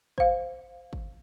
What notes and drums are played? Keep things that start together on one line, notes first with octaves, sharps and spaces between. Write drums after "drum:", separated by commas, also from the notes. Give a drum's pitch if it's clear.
C5 F5, drum: kick
drum: kick